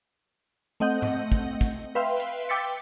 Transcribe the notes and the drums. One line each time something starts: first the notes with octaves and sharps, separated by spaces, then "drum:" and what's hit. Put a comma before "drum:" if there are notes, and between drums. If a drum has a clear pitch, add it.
A3 C4 D#5 F#5 G6
drum: tom G#2
drum: kick
drum: kick, hi-hat
B4 E5 F5 G5 C6
drum: hi-hat
G5 D6 E6 A6 B6 C#7